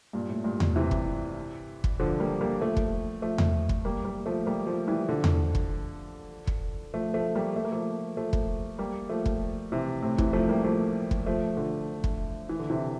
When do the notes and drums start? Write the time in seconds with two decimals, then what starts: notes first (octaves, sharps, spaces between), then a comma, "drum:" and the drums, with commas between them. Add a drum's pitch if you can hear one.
0.13 G2 A#2
0.29 A2
0.44 G2 A#2
0.60 drum: tom E2
0.76 C3 E3
0.91 drum: kick
1.84 drum: kick
2.00 D3 F3
2.20 G3 A#3
2.41 G3 A#3
2.60 F3 A3
2.77 drum: kick
3.22 F3 A3
3.38 drum: tom E2
3.69 drum: kick
3.85 G3 A#3
4.05 G3 A#3
4.26 F3 A3
4.46 G3 A#3
4.67 F3 A3
4.87 E3 G3
5.09 D3 F3
5.24 drum: tom E2
5.55 drum: kick
6.47 drum: kick
6.94 F3 A3
7.14 F3 A3
7.35 G3 A#3
7.56 A3
7.65 A#3
7.72 F3 A3
8.17 F3 A3
8.33 drum: kick
8.79 G3 A#3
9.09 F3 A3
9.26 drum: kick
9.72 C3 E3
10.02 A2 C3
10.18 C3 E3, drum: kick
10.33 F3 A3
10.49 G3 A#3
10.64 F3 A3
11.11 drum: kick
11.26 F3 A3
11.57 D3 F3
12.04 drum: kick
12.49 E3
12.59 D3
12.70 C3 E3